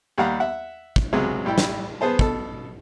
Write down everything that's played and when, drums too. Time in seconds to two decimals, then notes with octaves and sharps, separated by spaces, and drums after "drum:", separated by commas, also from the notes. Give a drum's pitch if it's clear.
0.18 D#2 G3 F5 F#5 A#5
0.40 E5 F#5
0.96 drum: kick
1.13 C#2 C3 F#3 G#3
1.45 A1 G3 E4 G5
1.58 drum: snare
2.01 B3 G#4 C5 A5
2.19 B2 A4, drum: kick